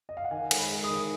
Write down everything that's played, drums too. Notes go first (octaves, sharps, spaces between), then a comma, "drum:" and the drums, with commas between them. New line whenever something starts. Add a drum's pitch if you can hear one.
D#5
F5
F#5
D#3 G#5
G#3, drum: cymbal
B5
G#3
D#6
D#3